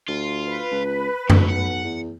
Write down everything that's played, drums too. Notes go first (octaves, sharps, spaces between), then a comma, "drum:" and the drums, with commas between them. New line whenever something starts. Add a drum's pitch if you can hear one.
D2 F4
B4
C#2
D2 A#2 F#3, drum: tom F#2
B1 F#5
E2